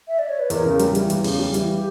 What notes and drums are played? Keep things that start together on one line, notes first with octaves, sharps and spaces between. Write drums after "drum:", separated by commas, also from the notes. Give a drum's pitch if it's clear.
E5
D5
C#5
B4
E2 A#4, drum: hi-hat
C#3
G3, drum: hi-hat
E3, drum: hi-hat
E2, drum: hi-hat
C#3, drum: open hi-hat
G3
E3, drum: hi-hat
G4